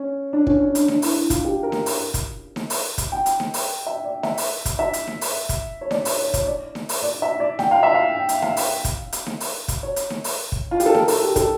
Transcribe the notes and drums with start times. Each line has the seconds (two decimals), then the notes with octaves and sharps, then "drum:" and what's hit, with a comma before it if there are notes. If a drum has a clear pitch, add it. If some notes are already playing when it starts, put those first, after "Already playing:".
Already playing: C#4
0.33 D4
0.47 C#4, drum: kick
0.60 D4
0.75 D4, drum: hi-hat
0.88 D4, drum: snare D#4
1.02 E4, drum: open hi-hat
1.17 E4
1.30 F4, drum: kick, hi-hat
1.45 G4
1.63 A#4
1.72 drum: snare D#4
1.86 drum: open hi-hat
2.14 drum: kick, hi-hat
2.56 drum: snare D#4
2.70 drum: open hi-hat
2.98 drum: kick, hi-hat
3.12 G5
3.26 drum: hi-hat
3.40 drum: snare D#4
3.54 drum: open hi-hat
3.87 E5
4.04 D5
4.23 E5, drum: snare D#4
4.38 drum: open hi-hat
4.65 drum: kick, hi-hat
4.79 E5
4.93 drum: hi-hat
5.07 drum: snare D#4
5.21 drum: open hi-hat
5.49 drum: kick, hi-hat
5.81 C#5
5.91 D5, drum: snare D#4
6.05 C#5, drum: open hi-hat
6.19 C#5
6.34 C#5, drum: kick, hi-hat
6.47 D5
6.75 drum: snare D#4
6.89 drum: open hi-hat
7.02 D5
7.22 E5
7.40 D5
7.59 G5, drum: snare D#4
7.71 F5
7.83 E5
7.94 F5
8.15 G5
8.29 drum: hi-hat
8.42 F5, drum: snare D#4
8.57 drum: open hi-hat
8.85 drum: kick, hi-hat
9.13 drum: hi-hat
9.26 drum: snare D#4
9.40 drum: open hi-hat
9.68 drum: kick, hi-hat
9.83 C#5
9.96 drum: hi-hat
10.10 drum: snare D#4
10.24 drum: open hi-hat
10.52 drum: kick
10.71 F4
10.80 G4, drum: hi-hat
10.86 A4
10.94 A#4, drum: snare D#4
11.08 A4, drum: open hi-hat
11.22 G4
11.36 A4, drum: kick, hi-hat